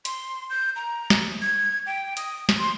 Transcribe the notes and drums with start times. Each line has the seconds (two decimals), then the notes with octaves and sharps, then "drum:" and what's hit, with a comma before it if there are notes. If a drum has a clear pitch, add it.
0.05 C6, drum: hi-hat
0.50 G6
0.76 A#5
1.10 drum: snare
1.42 G#6
1.86 G5
2.17 D#6, drum: hi-hat
2.49 drum: snare
2.59 C6